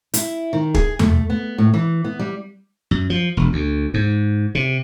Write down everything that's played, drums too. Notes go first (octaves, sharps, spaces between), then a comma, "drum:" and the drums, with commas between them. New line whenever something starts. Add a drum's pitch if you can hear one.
E4, drum: hi-hat
D#3
G#4, drum: kick
A3, drum: tom E2
B3
A2
E3
B3
G3
F#2
F3
E1
D2
G#2
C3